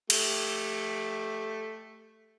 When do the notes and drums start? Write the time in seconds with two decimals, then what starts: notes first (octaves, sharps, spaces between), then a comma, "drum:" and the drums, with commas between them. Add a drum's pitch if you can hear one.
0.10 A3 G4, drum: cymbal